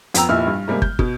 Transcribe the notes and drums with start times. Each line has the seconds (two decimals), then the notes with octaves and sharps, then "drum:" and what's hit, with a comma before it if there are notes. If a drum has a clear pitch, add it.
0.14 F2 B3 G5 A#5 E6 F7, drum: hi-hat
0.29 F1 A#2 E4 E6 F6
0.47 G2
0.68 C3 G3 G#3 A#3
0.82 G6, drum: kick
0.99 B2, drum: kick